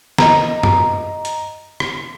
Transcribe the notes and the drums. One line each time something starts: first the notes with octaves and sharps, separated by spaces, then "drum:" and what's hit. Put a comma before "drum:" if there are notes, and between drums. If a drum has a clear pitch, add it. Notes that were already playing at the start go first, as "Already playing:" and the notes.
D#5 A#5, drum: snare
drum: tom F#2
drum: hi-hat
drum: rim click